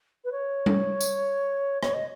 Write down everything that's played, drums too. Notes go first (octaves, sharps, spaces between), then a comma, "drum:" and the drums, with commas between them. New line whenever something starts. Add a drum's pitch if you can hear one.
B4
C#5
drum: tom G3
drum: tambourine
C#5, drum: rim click
D#5